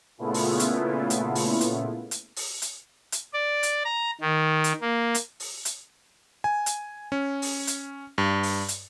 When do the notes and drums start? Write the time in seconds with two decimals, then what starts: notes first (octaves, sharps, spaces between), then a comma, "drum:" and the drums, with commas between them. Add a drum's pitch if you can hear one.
0.18 A#2 C#3 A3 B3 E4 F4
0.34 drum: open hi-hat
0.59 drum: hi-hat
1.10 drum: hi-hat
1.35 drum: open hi-hat
1.61 drum: hi-hat
2.11 drum: hi-hat
2.36 drum: open hi-hat
2.62 drum: hi-hat
3.12 drum: hi-hat
3.33 D5
3.63 drum: hi-hat
3.85 A#5
4.21 D#3
4.64 drum: hi-hat
4.81 A#3
5.15 drum: hi-hat
5.40 drum: open hi-hat
5.65 drum: hi-hat
6.44 G#5
6.66 drum: hi-hat
7.12 C#4
7.42 drum: open hi-hat
7.67 drum: hi-hat
8.18 G2
8.43 drum: open hi-hat
8.68 drum: hi-hat